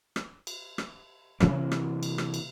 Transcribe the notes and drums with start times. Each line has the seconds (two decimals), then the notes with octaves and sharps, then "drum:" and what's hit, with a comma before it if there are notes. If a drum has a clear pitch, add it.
0.16 drum: rim click
0.47 drum: cymbal
0.78 drum: rim click
1.40 C3 E3 F#3 A#3, drum: rim click
1.72 drum: rim click
2.03 drum: cymbal
2.18 drum: rim click
2.34 drum: cymbal